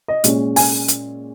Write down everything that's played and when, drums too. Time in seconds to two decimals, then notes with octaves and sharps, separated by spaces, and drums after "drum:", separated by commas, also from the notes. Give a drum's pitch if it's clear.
0.08 D#5
0.24 A#2 G#3 C#4, drum: hi-hat
0.56 G#5, drum: open hi-hat
0.88 drum: hi-hat